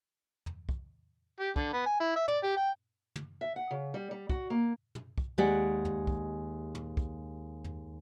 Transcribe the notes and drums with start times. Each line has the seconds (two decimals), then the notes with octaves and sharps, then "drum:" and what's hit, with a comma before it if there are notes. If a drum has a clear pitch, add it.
0.46 drum: tom
0.69 drum: kick
1.40 G4
1.56 D3, drum: kick
1.73 B3
1.86 G#5
2.00 E4
2.16 E5
2.28 D5, drum: tom
2.43 G4
2.57 G5
3.16 drum: tom
3.41 E5
3.56 F#5
3.71 C#3
3.94 G3
4.11 G3
4.29 F#4, drum: kick
4.50 A#3
4.95 drum: tom
5.18 drum: kick
5.38 D#2 G#3 G4 D5 F#5
5.85 drum: tom
6.07 drum: kick
6.75 drum: tom
6.97 drum: kick
7.64 drum: tom